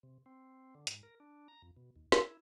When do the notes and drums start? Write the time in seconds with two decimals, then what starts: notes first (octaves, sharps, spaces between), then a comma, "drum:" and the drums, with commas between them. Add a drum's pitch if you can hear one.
0.03 C3
0.26 C4
0.75 D3
0.87 G#2, drum: hi-hat
1.03 A#4
1.20 D4
1.48 A#5
1.62 F2
1.77 B2
1.96 D#2
2.12 E4, drum: snare